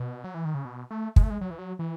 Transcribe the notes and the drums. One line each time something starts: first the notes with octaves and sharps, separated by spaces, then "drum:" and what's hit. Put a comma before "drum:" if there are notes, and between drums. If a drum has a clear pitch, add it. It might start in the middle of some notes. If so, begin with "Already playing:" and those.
Already playing: B2
F#3
E3
D#3
C#3
B2
A3
G#3, drum: kick
A3
G#3
F#3
E3
F#3
E3